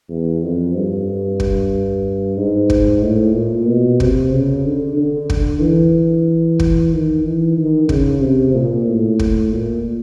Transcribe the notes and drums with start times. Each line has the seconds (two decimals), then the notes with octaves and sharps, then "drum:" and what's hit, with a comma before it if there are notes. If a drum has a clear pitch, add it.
0.09 E2
0.43 F2
0.75 G2
1.40 drum: kick
2.37 G#2
2.70 drum: kick
3.03 A2
3.34 A#2
3.67 B2
4.00 C3, drum: kick
4.31 C#3
4.65 D3
4.97 D3
5.30 drum: kick
5.61 E3
6.59 drum: kick
6.93 D#3
7.25 E3
7.57 D#3
7.89 C#3, drum: kick
8.23 C3
8.54 A#2
8.88 A2
9.19 drum: kick
9.52 A#2